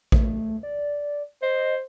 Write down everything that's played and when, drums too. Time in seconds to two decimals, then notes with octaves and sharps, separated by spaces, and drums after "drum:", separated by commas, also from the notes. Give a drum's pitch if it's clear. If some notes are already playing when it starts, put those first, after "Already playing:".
0.12 A3, drum: kick A1
0.63 D5
1.42 C5 D#5